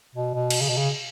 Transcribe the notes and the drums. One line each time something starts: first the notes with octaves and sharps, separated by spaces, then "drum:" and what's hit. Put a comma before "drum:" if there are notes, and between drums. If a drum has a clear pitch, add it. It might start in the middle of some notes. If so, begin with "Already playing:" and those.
B2
B2
drum: cymbal
C#3
B2
C#3